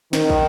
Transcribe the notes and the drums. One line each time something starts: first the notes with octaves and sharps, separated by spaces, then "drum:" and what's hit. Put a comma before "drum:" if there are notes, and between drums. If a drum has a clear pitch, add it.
D#3, drum: snare
drum: kick